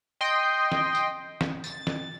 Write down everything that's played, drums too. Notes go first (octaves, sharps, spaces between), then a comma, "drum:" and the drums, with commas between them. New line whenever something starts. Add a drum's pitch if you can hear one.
D#5 G5 C6
drum: snare
drum: tambourine
drum: snare
A6, drum: tambourine
drum: snare